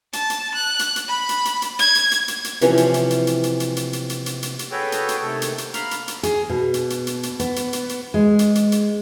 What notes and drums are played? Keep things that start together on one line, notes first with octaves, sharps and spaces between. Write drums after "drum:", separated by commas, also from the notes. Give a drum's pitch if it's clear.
A5, drum: hi-hat
drum: hi-hat
F#6
drum: hi-hat
drum: hi-hat
B5
drum: hi-hat
drum: hi-hat
drum: hi-hat
G#6, drum: hi-hat
drum: hi-hat
drum: hi-hat
drum: hi-hat
drum: hi-hat
C3 E3 F3 C#4, drum: hi-hat
drum: hi-hat
drum: hi-hat
drum: hi-hat
drum: hi-hat
drum: hi-hat
drum: hi-hat
drum: hi-hat
drum: hi-hat
drum: hi-hat
drum: hi-hat
drum: hi-hat
drum: hi-hat
F#4 G#4 A4 B4 C#5 G5
drum: hi-hat
drum: hi-hat
C3 D#3 A3 A4
drum: hi-hat
drum: hi-hat
F5 A#5 B5 F6, drum: hi-hat
drum: hi-hat
drum: hi-hat
G#4, drum: hi-hat
B2
drum: hi-hat
drum: hi-hat
drum: hi-hat
drum: hi-hat
B3, drum: hi-hat
drum: hi-hat
drum: hi-hat
drum: hi-hat
G#3
drum: hi-hat
drum: hi-hat
drum: hi-hat